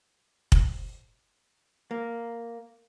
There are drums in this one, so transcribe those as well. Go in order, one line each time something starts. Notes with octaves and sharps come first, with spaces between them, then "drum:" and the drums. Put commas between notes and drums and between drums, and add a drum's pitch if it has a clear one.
drum: kick
A#3